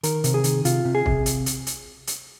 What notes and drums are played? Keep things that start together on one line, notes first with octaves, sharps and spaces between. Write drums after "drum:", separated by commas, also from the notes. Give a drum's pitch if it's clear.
D#3 A#4, drum: hi-hat
C3, drum: hi-hat
G#4
D#3, drum: hi-hat
C3 F4, drum: hi-hat
C3
G#4
C3, drum: kick
drum: hi-hat
drum: hi-hat
drum: hi-hat
drum: hi-hat